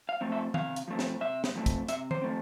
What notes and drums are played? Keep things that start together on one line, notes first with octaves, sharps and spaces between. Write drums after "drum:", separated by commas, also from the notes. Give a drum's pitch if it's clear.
F5
F3 A3 C4
E5
C3 F5, drum: tom D#3
drum: hi-hat
F3 A3 C4
drum: snare
C3 E5
drum: snare
F3 A3 C4
drum: kick, hi-hat
C3 E5, drum: hi-hat
C5, drum: tom D#3
F3 A3 C4